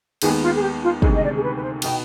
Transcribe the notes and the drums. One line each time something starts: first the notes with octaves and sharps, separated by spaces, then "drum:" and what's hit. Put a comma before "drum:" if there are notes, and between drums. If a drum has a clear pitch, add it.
D#2 D#3 G#3 B3 G#4, drum: cymbal
F4
G#4
G4
F4
D2 C3 D#3 G#3, drum: kick
D#5
D5
G#4
B4
B4
C5
B2 B3 D#4 G5, drum: cymbal